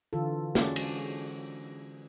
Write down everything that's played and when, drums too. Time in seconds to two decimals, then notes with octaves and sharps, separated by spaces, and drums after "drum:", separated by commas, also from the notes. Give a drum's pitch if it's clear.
0.13 D3 E3 F4 A4
0.55 G#3 C#4 F#4 A4 D5, drum: snare
0.76 drum: cymbal